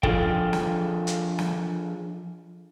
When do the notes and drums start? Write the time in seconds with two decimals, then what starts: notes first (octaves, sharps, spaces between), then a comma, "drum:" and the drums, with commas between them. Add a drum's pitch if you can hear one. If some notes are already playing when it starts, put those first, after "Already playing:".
0.03 F3 D4 F4 G#4 A4 G5, drum: kick
0.53 drum: snare
1.07 drum: hi-hat
1.39 drum: snare